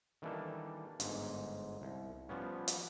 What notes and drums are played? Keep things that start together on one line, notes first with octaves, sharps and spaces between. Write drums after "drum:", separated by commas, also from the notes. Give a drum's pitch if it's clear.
D#3 E3 G3 A#3 D4 A4
G1 G#2, drum: hi-hat
C2
F3 G3 B3 C#4
drum: hi-hat